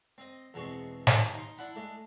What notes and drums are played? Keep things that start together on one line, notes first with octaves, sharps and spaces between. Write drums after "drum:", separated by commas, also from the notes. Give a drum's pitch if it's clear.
C4 D#5
E2 B2 G#3 C4 C#6
D#2, drum: snare
D#4 C6
D4 E4 F#5 B5
G#3 A3 D4